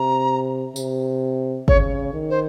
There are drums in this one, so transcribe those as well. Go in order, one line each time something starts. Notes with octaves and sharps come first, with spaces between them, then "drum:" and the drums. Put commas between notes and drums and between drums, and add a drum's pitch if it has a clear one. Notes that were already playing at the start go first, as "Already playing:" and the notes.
Already playing: C3 A#5
C3, drum: tambourine
C#3 C#5, drum: kick
D#3
C5